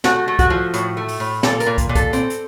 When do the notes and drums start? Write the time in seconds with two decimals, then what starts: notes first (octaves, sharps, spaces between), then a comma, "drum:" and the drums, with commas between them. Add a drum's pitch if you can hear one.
0.04 A3 F#4, drum: snare
0.28 A3
0.39 F#4, drum: kick, hi-hat
0.50 F3
0.74 A2, drum: hi-hat
0.97 A3
1.08 drum: open hi-hat
1.20 A2
1.43 A#2 A4, drum: snare
1.60 A#4, drum: hi-hat
1.66 A#2
1.78 drum: kick, hi-hat
1.89 A#2
1.95 A4, drum: kick, hi-hat
2.13 C4, drum: hi-hat
2.30 drum: hi-hat